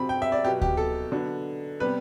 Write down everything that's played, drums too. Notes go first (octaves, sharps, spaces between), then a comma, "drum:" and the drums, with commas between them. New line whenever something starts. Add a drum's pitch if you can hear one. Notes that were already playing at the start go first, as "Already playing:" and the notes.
Already playing: C3 F#3 C4 B5
G5
E5
D5
B2 F#3 B3 G4
G4, drum: kick D2
A4
D3 F#3 B3
C3 G3 B3 B4